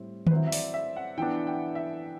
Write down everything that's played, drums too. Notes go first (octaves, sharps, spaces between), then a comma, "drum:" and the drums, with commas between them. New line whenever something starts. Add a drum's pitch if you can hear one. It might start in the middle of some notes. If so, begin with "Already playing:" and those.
Already playing: A2 G3 C4 E4
B4, drum: tom D#3
F#3 C4 E4 C5
E5
D5, drum: open hi-hat
E5
F#5
E3 B3 D4 G5
G5
E5